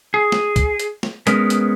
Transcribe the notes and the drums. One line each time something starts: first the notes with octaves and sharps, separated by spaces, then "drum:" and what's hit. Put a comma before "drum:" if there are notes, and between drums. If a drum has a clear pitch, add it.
G#4
drum: snare
drum: kick, hi-hat
drum: hi-hat
drum: snare
G#3 B3 C#4 A#4, drum: hi-hat
drum: hi-hat